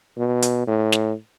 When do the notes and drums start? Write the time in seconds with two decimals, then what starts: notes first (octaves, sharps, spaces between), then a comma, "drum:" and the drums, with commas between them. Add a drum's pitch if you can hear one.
0.18 B2
0.42 drum: hi-hat
0.67 A2
0.92 drum: snare